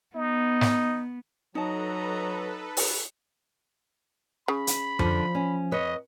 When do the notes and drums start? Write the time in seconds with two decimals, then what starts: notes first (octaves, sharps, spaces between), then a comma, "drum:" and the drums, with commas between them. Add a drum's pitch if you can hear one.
0.15 B3 D#4
0.61 drum: snare
1.55 F#3 D#4 A4 B4 D#5 A5 A#5
2.77 drum: open hi-hat
4.48 C#3 B5
4.67 drum: hi-hat
4.99 D3 F3, drum: tom F2
5.35 C#4
5.72 F2 B4 C#5 D#5